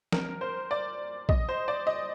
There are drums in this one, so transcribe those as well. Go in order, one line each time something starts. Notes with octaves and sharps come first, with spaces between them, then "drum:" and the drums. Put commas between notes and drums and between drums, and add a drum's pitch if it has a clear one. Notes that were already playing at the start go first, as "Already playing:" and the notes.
A#4, drum: snare
C5
D5
D#5, drum: kick
C5
D5
D#5